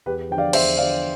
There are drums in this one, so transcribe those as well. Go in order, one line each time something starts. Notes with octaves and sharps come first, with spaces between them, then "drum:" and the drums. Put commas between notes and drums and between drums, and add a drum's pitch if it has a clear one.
E2 G4 B4
D3 F3 G5
D5 F5
E2 C5 E5, drum: cymbal
D3 F3 D5 F5